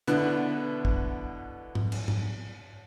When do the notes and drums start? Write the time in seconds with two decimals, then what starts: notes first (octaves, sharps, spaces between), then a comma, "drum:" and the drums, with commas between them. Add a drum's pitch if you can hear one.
0.07 B2 D3 E4 B4, drum: hi-hat
0.85 drum: kick
1.75 drum: tom G#2
1.92 drum: cymbal
2.08 drum: tom G#2